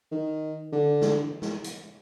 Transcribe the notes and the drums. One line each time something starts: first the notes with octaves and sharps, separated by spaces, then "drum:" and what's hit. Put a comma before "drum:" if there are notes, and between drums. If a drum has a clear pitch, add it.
D#3
D3
drum: snare
drum: snare
drum: hi-hat